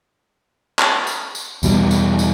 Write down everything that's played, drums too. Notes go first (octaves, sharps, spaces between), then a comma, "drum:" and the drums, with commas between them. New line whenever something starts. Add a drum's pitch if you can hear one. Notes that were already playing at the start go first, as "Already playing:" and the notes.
drum: clap
drum: tambourine
drum: tambourine
E2 B2 G3, drum: tambourine
drum: tambourine
drum: tambourine